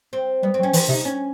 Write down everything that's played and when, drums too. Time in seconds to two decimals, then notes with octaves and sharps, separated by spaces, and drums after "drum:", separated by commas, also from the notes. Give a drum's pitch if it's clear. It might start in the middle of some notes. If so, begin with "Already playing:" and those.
0.13 C4
0.43 G3 B3
0.54 C4
0.59 F#3
0.63 C#4
0.73 E3 D4, drum: open hi-hat
0.89 C3 D#4
1.05 C#4